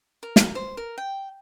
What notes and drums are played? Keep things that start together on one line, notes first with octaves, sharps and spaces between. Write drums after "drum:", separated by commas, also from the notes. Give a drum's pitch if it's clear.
A#4
drum: snare
C5
A#4
G5